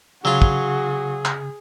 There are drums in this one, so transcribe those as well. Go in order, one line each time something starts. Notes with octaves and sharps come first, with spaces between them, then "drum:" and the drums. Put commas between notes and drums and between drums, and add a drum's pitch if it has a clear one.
C#3 F#3 F4 F#4 G#4
drum: kick
drum: clap